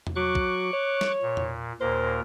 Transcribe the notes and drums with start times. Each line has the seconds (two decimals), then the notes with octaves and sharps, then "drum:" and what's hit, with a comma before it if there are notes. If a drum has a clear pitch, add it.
0.07 drum: tom E2
0.16 F#3 C#6 D6 F#6
0.35 drum: kick
0.73 C#5
1.01 drum: snare
1.22 A#2
1.37 drum: tom E2
1.80 D#2 A#2 A#4 C5